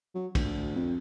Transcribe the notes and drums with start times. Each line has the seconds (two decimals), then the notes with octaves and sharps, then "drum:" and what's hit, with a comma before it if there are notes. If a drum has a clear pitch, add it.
0.15 F#3
0.35 D2, drum: kick, cymbal
0.76 F2